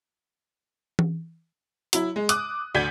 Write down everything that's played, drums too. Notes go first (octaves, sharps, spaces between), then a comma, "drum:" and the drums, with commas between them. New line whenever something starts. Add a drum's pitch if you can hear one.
drum: tom E3
F#3 E4, drum: hi-hat
G#3
D6 D#6 F#6, drum: hi-hat
D2 D5 G6 G#6 B6 D#7